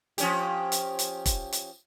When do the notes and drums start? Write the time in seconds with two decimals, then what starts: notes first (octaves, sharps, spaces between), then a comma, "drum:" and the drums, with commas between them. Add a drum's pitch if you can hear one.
0.18 F3 C#4 G4, drum: hi-hat
0.72 drum: hi-hat
0.99 drum: hi-hat
1.26 drum: kick, hi-hat
1.52 drum: hi-hat